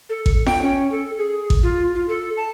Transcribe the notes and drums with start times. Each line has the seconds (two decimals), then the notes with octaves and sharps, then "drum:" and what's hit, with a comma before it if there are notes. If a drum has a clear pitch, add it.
0.09 A4
0.26 drum: kick A1
0.46 G5, drum: snare
0.62 C#4
0.92 A4
1.18 G#4
1.50 drum: kick A1
1.63 F4
1.95 F4
2.08 A4
2.37 A5